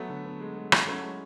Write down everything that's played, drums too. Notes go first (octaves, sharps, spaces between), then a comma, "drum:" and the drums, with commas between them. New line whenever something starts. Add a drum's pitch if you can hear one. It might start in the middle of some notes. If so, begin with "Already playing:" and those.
Already playing: F#3 A3 B3
D3
B3
G#3
G#3
E4, drum: rim click
F#3 A3 C#4
G#3